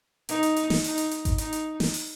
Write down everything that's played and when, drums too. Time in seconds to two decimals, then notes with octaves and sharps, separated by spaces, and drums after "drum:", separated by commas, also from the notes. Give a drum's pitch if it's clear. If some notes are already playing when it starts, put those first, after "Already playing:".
0.29 D#4, drum: hi-hat
0.43 drum: hi-hat
0.56 drum: hi-hat
0.70 drum: snare
0.84 D#4, drum: open hi-hat
0.98 drum: hi-hat
1.11 drum: hi-hat
1.25 drum: kick G#1, hi-hat
1.38 D#4, drum: hi-hat
1.53 drum: hi-hat
1.80 drum: snare
1.94 drum: open hi-hat